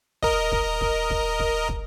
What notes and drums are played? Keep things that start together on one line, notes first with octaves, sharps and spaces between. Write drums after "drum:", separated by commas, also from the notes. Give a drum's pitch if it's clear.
A#4 D#5, drum: kick
drum: kick
drum: kick
drum: kick
drum: kick
drum: kick